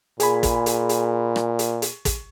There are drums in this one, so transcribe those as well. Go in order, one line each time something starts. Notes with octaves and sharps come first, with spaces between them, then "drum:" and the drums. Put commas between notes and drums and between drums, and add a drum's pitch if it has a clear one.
A#2 G#4 G#5 B5, drum: hi-hat
drum: kick, hi-hat
drum: hi-hat
drum: hi-hat
drum: rim click
drum: hi-hat
drum: hi-hat
drum: kick, hi-hat